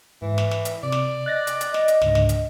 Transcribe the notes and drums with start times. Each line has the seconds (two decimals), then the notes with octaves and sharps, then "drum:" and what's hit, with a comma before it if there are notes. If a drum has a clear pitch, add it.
0.22 G#2 E3
0.38 drum: snare
0.51 drum: snare
0.65 drum: hi-hat
0.83 C3 D5
0.92 drum: snare
1.26 D#5 F#6 A6 A#6
1.47 drum: hi-hat
1.61 drum: hi-hat
1.74 drum: snare
1.88 drum: hi-hat
2.02 C#2 G#2 D3, drum: snare
2.15 drum: snare
2.29 drum: hi-hat